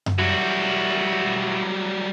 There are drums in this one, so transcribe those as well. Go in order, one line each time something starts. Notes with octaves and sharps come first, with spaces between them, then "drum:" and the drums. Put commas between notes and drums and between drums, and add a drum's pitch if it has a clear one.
drum: tom F#2
F#3 G3 E4 F#4